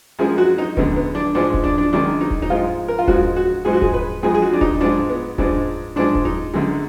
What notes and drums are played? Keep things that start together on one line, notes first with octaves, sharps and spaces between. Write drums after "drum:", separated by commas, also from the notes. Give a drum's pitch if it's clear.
F#2 F3 G#3 G#4
F#4
D#4
F#2 D3 G#3 B3, drum: kick D#1
B3
D4
G#2 F3 G#3 D4
drum: kick D#1
D4
D4
F#2 D#3 G#3 D4
D#4
drum: kick D#1
D#4
G#2 F3 G#3 F4
A#4
F4
G#2 F3 G#3 F#4, drum: kick D#1
F#4
G#2 F3 G#3 G#4
F#4
G#4, drum: kick D#1
B4
F2 F3 G#3 G#4
G#4
F#4
D4
D#4, drum: kick D#1
G#2 F3 G#3 D4
B3
G#2 F3 G#3 D4, drum: kick D#1
G#2 F3 G#3 D4
drum: kick D#1
D#4
F#2 D3 G#3